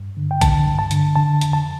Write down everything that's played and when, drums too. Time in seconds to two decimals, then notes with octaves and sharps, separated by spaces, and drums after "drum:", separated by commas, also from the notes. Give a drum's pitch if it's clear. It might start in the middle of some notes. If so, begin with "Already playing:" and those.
Already playing: G2
0.17 D3
0.31 G5
0.41 D3 A5, drum: kick A#1, hi-hat
0.67 G2
0.79 A5
0.91 D3, drum: hi-hat
1.15 D3 A5
1.41 F2, drum: hi-hat
1.53 A5